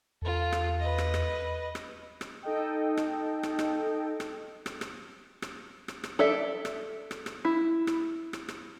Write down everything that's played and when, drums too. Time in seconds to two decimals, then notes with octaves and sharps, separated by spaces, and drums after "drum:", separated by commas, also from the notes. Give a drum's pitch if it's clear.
0.22 E2 F4 A4
0.52 drum: rim click
0.79 B4 D#5
0.98 drum: rim click
1.14 drum: rim click
1.75 drum: rim click
2.21 drum: rim click
2.43 D#4 A4 D#5 G5
2.97 drum: rim click
3.43 drum: rim click
3.59 drum: rim click
4.20 drum: rim click
4.66 drum: rim click
4.81 drum: rim click
5.42 drum: rim click
5.88 drum: rim click
6.04 drum: rim click
6.19 A4 D5 E5
6.65 drum: rim click
7.11 drum: rim click
7.26 drum: rim click
7.45 E4
7.87 drum: rim click
8.33 drum: rim click
8.48 drum: rim click